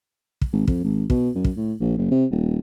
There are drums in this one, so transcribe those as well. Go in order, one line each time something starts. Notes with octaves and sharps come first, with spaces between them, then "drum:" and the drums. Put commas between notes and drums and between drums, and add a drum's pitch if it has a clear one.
drum: kick
G#1
F2, drum: kick
G#1
B2, drum: kick
F#2
drum: kick
A2
A#1
F#1
C3
D#1